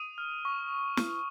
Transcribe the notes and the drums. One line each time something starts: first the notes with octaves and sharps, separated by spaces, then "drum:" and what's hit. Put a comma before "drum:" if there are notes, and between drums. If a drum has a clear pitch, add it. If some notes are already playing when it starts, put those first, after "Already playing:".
Already playing: D#6 D#7
F6
C#6
drum: snare